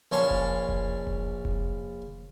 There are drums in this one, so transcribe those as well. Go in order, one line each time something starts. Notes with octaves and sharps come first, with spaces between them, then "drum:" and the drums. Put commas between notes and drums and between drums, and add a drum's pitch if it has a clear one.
A#1 C#4 C#5 A5 C6 C#6
drum: kick F1
drum: kick F1
drum: kick F1
drum: kick F1